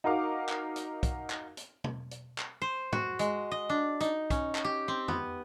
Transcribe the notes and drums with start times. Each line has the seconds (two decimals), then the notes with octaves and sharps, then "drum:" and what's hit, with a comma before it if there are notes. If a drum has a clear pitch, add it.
0.04 D#4 F#4 A#4 F5 D6
0.49 drum: clap
0.76 drum: hi-hat
1.03 drum: kick, hi-hat
1.30 drum: clap
1.57 drum: hi-hat
1.84 drum: tom
2.11 drum: hi-hat
2.38 drum: clap
2.62 C5
2.93 F#4, drum: tom
3.19 G#3, drum: hi-hat
3.52 D#5
3.70 D4
4.01 D#4, drum: hi-hat
4.30 C#4, drum: kick, hi-hat
4.55 drum: clap
4.64 G4
4.88 C4
5.08 B3, drum: tom F2